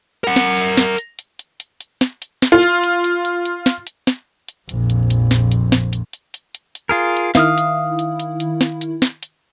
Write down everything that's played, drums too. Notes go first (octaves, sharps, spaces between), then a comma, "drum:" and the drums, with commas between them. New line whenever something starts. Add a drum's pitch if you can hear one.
A#4 F#5
drum: snare
drum: hi-hat
drum: snare
drum: hi-hat
drum: hi-hat
drum: hi-hat
drum: hi-hat
drum: hi-hat
drum: snare
drum: hi-hat
drum: snare
F4
drum: hi-hat
drum: hi-hat
drum: hi-hat
drum: hi-hat
drum: hi-hat
drum: snare
drum: hi-hat
drum: snare
drum: hi-hat
A#1 F2, drum: hi-hat
drum: hi-hat
drum: hi-hat
drum: snare
drum: hi-hat
drum: snare
drum: hi-hat
drum: hi-hat
drum: hi-hat
drum: hi-hat
drum: hi-hat
F4 G#4 A#4
drum: hi-hat
D#3 E4 F5 D#6 F6, drum: snare
drum: hi-hat
drum: hi-hat
drum: hi-hat
drum: hi-hat
drum: snare
drum: hi-hat
drum: snare
drum: hi-hat